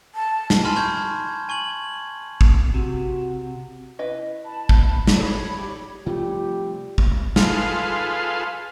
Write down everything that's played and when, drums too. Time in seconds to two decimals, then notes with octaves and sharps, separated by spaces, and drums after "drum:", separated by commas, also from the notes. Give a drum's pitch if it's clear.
0.15 A5
0.50 drum: snare
0.64 G#5 A5 B5 C6 F6 E7
0.76 B5 C#6 F6 G6 G#6
1.49 G#5 C#6 G#6 F#7
2.41 drum: kick G#1
2.74 C3 F#4
3.99 E4 B4 D#5
4.45 A5 B5
4.69 drum: kick G#1
5.07 drum: snare
5.17 G#4 A4 C#5 D5 B5
5.58 G4
6.06 C3 F3 G3 A3 F4 G4
6.98 drum: kick G#1
7.36 F4 G#4 A4 B4 F5 C6, drum: snare